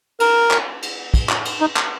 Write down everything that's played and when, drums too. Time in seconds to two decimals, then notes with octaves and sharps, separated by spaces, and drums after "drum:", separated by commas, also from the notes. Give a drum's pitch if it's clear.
0.20 A#4, drum: cymbal
0.51 drum: clap
0.82 drum: cymbal
1.14 drum: kick, cymbal
1.29 drum: clap
1.45 drum: cymbal
1.61 D#4
1.76 drum: clap